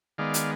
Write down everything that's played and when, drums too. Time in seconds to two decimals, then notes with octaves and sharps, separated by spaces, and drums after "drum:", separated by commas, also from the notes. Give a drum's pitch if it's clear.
0.18 D#3 G#3 B3 D5 F5
0.34 drum: hi-hat